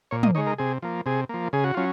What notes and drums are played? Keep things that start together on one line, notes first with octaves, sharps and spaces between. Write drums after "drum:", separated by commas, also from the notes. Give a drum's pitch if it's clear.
A#2 C#5
D#5, drum: tom
G#3 D#4 C#5
A#4
C3 G#4
F3 A#3
C3 G#4
F3 A#3
C#3 G#4
F#4
F#3 C#4 F4